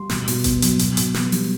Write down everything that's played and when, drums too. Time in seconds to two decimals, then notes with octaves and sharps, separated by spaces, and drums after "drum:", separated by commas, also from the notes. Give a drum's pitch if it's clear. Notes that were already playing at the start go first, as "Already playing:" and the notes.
Already playing: G3 C6
0.10 B2, drum: snare
0.28 B2, drum: open hi-hat
0.44 B3, drum: kick G1, hi-hat
0.62 F#3, drum: hi-hat
0.79 B2, drum: hi-hat
0.97 B2, drum: hi-hat
1.14 B3, drum: snare
1.32 G3, drum: open hi-hat